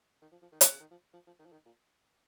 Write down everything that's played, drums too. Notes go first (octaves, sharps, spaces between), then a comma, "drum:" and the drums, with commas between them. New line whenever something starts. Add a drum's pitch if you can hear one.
D#3
F3
F3
D#3
F3, drum: hi-hat
C#3
D#3
F3
F3
F3
D#3
F3
D#3
A#2